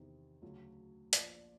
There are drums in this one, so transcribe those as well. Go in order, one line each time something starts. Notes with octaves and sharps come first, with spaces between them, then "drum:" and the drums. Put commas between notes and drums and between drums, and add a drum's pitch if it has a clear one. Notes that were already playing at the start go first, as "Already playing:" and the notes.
Already playing: E2 C3 D#3
D2 C#3 F#3
A#1 A#2 F3 D5, drum: hi-hat